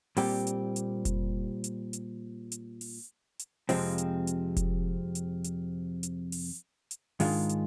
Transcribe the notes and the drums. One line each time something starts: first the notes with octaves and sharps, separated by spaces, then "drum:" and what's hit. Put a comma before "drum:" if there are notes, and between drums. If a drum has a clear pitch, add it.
A#2 G3 C4 G4, drum: open hi-hat
drum: hi-hat
drum: hi-hat
drum: kick F1, hi-hat
drum: hi-hat
drum: hi-hat
drum: hi-hat
drum: open hi-hat
drum: hi-hat
F2 C3 F3 G#3 C4, drum: open hi-hat
drum: hi-hat
drum: hi-hat
drum: kick F1, hi-hat
drum: hi-hat
drum: hi-hat
drum: hi-hat
drum: open hi-hat
drum: hi-hat
G#2 D#3 G#3 D4 F4, drum: open hi-hat
drum: hi-hat